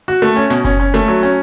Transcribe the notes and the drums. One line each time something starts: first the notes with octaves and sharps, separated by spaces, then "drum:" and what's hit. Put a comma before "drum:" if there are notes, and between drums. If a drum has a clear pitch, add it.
F#4
A3
C#4, drum: hi-hat
B2, drum: snare
C#4, drum: kick F#1, hi-hat
C#4
A3, drum: snare
F#3
C#4, drum: hi-hat